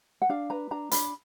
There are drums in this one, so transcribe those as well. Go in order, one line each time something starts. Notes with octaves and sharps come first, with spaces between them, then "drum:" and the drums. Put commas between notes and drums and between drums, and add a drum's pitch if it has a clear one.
F#5
D4 F5
B4 A#5
D4 A#5
D4 B5, drum: hi-hat